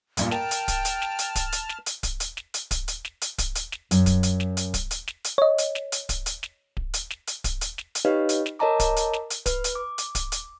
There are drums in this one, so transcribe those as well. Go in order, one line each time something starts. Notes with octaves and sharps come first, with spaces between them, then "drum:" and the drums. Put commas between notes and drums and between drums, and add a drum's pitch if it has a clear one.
D2 G2 A#2, drum: hi-hat
A#4 G5 A5 F6, drum: snare
drum: hi-hat
drum: kick D1, hi-hat
drum: hi-hat
drum: snare
drum: hi-hat
drum: kick D1, hi-hat
drum: hi-hat
drum: snare
drum: hi-hat
drum: kick D1, hi-hat
drum: hi-hat
drum: snare
drum: hi-hat
drum: kick D1, hi-hat
drum: hi-hat
drum: snare
drum: hi-hat
drum: kick D1, hi-hat
drum: hi-hat
drum: snare
F#2, drum: hi-hat
drum: kick D1, hi-hat
drum: hi-hat
drum: snare
drum: hi-hat
drum: kick D1, hi-hat
drum: hi-hat
drum: snare
drum: hi-hat
C#5 D#5
drum: hi-hat
drum: snare
drum: hi-hat
drum: kick D1, hi-hat
drum: hi-hat
drum: snare
drum: kick D1
drum: hi-hat
drum: snare
drum: hi-hat
drum: kick D1, hi-hat
drum: hi-hat
drum: snare
drum: hi-hat
D#4 G4 B4 C#5 D#5 F5
drum: hi-hat
drum: snare
A#4 C#5 D#5 A5 A#5 D6
drum: kick D1, hi-hat
drum: hi-hat
drum: snare
drum: hi-hat
B4, drum: kick D1, hi-hat
drum: hi-hat
D6
drum: hi-hat
drum: kick D1, hi-hat
drum: hi-hat